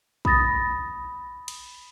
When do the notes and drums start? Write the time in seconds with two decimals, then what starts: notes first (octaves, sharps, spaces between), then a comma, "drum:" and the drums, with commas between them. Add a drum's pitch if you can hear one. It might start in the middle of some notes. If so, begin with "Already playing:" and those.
0.25 B5 D#6 A6 A#6, drum: kick
1.48 drum: cymbal